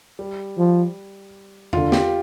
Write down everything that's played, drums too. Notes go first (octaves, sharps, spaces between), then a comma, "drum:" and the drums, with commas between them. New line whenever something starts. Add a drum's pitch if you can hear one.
G3
F3
D3 F4, drum: tom E2
G4, drum: snare